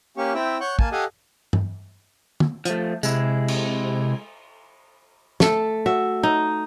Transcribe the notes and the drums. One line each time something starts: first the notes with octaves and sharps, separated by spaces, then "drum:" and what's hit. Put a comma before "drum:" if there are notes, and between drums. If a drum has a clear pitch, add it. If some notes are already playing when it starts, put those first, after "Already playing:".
A#3 C#4 G4 C#6
C4 E4 E5 G5
C#5 F#5 C#6 F#6 G6
A#3 G#5 A5, drum: kick
G4 A4 D#5 F5 F#5 G#5
drum: tom G2
drum: tom
F3 A3, drum: hi-hat
C3 G#3 E4, drum: tambourine
drum: cymbal
A3 A4, drum: snare
F#4 E5
D#4